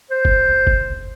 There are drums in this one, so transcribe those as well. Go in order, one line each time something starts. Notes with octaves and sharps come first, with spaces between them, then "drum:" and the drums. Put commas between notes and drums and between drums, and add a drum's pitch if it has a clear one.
C5
drum: kick F#1
drum: kick F#1